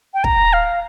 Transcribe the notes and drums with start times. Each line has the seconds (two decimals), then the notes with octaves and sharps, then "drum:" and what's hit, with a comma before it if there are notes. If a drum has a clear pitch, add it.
0.14 G5
0.24 A#5, drum: kick
0.53 F5